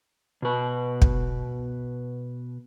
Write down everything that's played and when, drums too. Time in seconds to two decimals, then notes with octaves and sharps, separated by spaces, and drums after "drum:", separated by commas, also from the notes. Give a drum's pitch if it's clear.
0.42 B2 B4
1.02 drum: kick